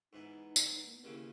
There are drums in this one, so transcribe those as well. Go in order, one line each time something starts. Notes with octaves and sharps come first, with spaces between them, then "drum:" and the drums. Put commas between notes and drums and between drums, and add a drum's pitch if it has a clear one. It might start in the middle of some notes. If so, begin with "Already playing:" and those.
G#2 E3 B3 D#4
drum: tambourine
A#3
B3
D#2 C#3 E3 C#4